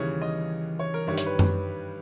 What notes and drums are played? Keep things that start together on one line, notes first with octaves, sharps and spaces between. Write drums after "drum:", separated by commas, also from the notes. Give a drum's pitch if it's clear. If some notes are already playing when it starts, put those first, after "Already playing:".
Already playing: D#2 C#3 E3 G3 C#5
D#5
C#5
A#4
G2 D#3 G3 C#5
C#5, drum: hi-hat
B4
drum: tom F#2